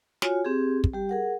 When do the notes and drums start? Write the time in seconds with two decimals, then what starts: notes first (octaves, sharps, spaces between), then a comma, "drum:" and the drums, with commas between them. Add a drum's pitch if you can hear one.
0.22 F4 F#4 C#5 G#5, drum: snare
0.45 C4 G4 G#4
0.84 drum: kick
0.93 G3 G4
1.09 G#4 A#4 F#5